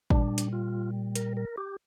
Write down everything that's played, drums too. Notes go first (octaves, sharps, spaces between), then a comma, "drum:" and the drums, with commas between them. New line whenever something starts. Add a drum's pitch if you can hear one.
A#2 G3 D4, drum: kick
drum: hi-hat
F4
A#4, drum: hi-hat
A#4
G4